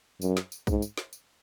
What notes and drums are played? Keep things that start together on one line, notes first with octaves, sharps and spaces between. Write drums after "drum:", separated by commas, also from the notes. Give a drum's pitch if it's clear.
F#2, drum: tambourine
drum: snare
drum: tambourine
G#2, drum: kick B1, tambourine
drum: tambourine
drum: snare
drum: tambourine